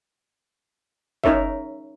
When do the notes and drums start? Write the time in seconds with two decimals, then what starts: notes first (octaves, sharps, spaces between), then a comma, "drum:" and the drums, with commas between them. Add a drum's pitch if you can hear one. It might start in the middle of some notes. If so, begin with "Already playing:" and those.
1.24 C#4 D#4 A#4 C#5 E5, drum: kick